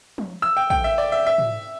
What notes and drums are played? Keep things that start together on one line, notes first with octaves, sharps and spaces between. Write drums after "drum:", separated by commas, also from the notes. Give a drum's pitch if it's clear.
drum: tom F3
E6
G5
G5, drum: kick
E5
D5
E5
E5
drum: tom